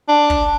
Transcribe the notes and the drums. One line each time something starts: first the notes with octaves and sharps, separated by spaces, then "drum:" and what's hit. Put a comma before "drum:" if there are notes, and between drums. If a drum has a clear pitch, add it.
D4
drum: kick